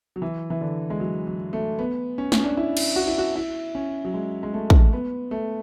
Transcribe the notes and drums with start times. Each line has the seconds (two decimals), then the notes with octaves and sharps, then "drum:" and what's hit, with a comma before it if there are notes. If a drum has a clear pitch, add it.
0.16 F#3
0.22 E3
0.50 E3
0.61 D3
0.90 G#3
1.00 F#3
1.27 F#3
1.53 A3
1.79 B3
2.18 C#4
2.32 C#4, drum: snare
2.44 D4
2.57 E4
2.77 drum: cymbal
2.96 F#4
3.07 E4
3.18 F#4
3.36 E4
3.75 C#4
4.05 F#3
4.14 G#3
4.43 G#3
4.54 A3
4.70 drum: kick
4.93 B3
5.31 A3